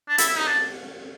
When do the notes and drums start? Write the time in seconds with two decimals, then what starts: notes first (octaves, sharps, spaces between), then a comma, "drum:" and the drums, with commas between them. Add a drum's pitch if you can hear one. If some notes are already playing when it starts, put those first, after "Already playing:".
0.09 D4
0.18 E4, drum: hi-hat
0.29 E4
0.38 D#4
0.47 D4